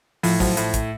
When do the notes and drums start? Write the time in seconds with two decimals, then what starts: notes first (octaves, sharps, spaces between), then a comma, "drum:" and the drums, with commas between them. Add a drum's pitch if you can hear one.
0.23 A2 F3, drum: open hi-hat
0.40 F3 F#3, drum: kick, open hi-hat
0.57 A2, drum: hi-hat
0.74 drum: kick, hi-hat